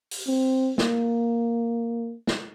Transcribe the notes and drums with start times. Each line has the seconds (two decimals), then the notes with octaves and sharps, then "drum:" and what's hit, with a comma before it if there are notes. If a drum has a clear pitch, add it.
0.11 drum: open hi-hat
0.27 C4
0.78 A#3, drum: snare
2.27 drum: snare